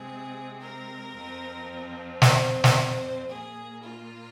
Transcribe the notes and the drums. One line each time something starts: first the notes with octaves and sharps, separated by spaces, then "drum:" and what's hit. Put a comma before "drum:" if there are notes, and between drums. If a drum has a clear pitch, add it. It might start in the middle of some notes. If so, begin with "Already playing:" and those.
Already playing: C3 G#3 C4 G#4
A#4
F2 F3 C4
C5, drum: snare
drum: snare
A#2 A#3 G#4
F4